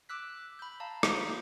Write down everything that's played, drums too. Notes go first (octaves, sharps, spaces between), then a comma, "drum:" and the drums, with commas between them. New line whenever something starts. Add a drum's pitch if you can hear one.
D6 E6 F#6 B6
B5 G6
F5 A5 A#5
A#3 F4 C5 F5 D#6, drum: rim click